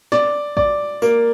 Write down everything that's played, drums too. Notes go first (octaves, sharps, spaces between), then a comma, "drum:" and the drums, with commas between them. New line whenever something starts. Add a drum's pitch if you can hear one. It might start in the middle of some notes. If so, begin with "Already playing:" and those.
D5, drum: snare
D5, drum: kick A1
A#3, drum: tambourine